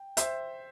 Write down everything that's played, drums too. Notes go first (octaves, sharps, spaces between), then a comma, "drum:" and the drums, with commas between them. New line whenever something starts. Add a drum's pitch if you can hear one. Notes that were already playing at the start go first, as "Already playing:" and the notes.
Already playing: G5
C5 E5, drum: hi-hat